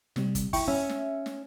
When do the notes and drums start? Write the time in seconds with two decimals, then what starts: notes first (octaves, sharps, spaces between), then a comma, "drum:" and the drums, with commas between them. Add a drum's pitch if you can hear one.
0.16 C3 G3, drum: snare
0.35 drum: kick, hi-hat
0.53 E4 G5 C#6, drum: kick, open hi-hat
0.68 C#4 E5
0.89 drum: snare
1.26 drum: snare